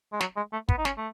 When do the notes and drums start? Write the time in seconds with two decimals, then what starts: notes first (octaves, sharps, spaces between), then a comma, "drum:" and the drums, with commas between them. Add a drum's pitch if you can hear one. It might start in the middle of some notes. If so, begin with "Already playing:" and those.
0.12 G#3
0.21 F#3, drum: snare
0.37 G#3
0.53 A3
0.69 B3, drum: kick
0.78 D#4
0.85 C#4, drum: snare
0.97 A3